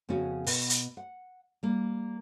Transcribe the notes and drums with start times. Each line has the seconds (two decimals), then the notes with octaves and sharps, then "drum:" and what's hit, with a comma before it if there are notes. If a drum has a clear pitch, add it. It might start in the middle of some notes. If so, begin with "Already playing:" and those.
0.09 F2 C#3 B3 C#4 F#4
0.46 B2 B4, drum: open hi-hat
0.70 drum: hi-hat
0.97 F#5
1.63 G3 A#3